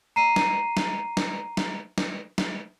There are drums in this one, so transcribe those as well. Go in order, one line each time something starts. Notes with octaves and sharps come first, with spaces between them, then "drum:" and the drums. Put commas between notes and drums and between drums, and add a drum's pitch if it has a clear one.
A#5 C7 D#7
drum: snare
drum: snare
drum: snare
drum: snare
drum: snare
drum: snare